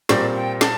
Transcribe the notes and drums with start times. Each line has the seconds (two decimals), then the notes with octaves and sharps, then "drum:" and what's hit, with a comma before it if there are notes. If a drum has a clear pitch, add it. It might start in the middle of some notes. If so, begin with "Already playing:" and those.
0.09 A#2 G3 C4 G4 D5, drum: snare
0.35 G5
0.61 A5, drum: snare